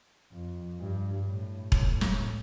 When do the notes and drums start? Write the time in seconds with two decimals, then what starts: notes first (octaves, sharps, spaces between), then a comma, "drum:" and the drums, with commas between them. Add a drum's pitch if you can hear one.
0.32 F2
0.79 G2
1.26 A2
1.72 A2, drum: kick E1
2.01 drum: snare